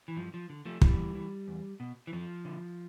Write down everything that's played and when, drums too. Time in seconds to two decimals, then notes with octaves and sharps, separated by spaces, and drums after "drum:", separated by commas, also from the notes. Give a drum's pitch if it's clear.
0.08 E3
0.16 G2 F3
0.34 F3
0.50 D3
0.65 F3 A3
0.82 A2 E3 G3, drum: kick
1.15 E3
1.48 E2
1.80 B2
2.07 E3
2.13 F2 F3
2.45 D3